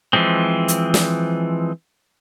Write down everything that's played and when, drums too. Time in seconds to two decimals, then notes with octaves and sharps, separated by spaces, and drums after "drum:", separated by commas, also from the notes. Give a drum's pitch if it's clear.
0.13 E3 F3 G#3 C4
0.68 drum: hi-hat
0.94 drum: snare